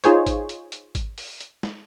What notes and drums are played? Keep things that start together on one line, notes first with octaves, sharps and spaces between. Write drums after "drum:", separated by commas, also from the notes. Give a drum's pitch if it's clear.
D#4 F4 G#4 C5 C#5, drum: hi-hat
drum: kick G#1, hi-hat
drum: hi-hat
drum: hi-hat
drum: kick G#1, hi-hat
drum: open hi-hat
drum: hi-hat
drum: snare